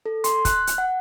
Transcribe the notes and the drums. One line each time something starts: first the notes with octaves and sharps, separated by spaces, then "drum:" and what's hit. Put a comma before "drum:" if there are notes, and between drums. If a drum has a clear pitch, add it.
A4
C6, drum: hi-hat
F#6, drum: kick, hi-hat
drum: hi-hat
F#5